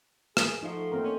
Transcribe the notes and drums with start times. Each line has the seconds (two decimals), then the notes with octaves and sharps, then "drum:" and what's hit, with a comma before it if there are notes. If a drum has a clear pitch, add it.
0.37 G#4, drum: rim click
0.63 F3 A3 D#4 F#4
0.92 A#3 C4 A#4 D#5
1.04 C#4 D5